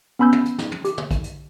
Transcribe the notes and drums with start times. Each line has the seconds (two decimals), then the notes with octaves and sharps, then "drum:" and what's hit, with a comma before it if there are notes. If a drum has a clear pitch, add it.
0.19 B3 C#4 B5 E6 G6
0.32 drum: tom
0.45 drum: hi-hat
0.58 drum: snare
0.72 drum: tom
0.85 G4, drum: hi-hat
0.98 drum: tom
1.11 drum: kick, hi-hat
1.24 drum: hi-hat